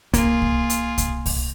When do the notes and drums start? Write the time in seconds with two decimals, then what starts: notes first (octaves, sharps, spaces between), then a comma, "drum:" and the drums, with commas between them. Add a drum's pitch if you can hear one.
0.14 A#3 F4 G#4, drum: kick C2, hi-hat
0.42 drum: kick C2
0.70 drum: hi-hat
0.98 drum: kick C2, hi-hat
1.26 drum: kick C2, open hi-hat